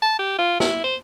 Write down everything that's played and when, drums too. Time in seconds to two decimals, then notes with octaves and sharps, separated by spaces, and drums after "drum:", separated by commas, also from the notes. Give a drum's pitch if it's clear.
0.02 A5
0.19 G4
0.39 F4
0.60 E4, drum: snare
0.84 C5